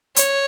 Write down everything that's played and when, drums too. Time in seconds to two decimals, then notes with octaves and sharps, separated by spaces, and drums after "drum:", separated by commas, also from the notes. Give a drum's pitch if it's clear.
0.16 C#5, drum: hi-hat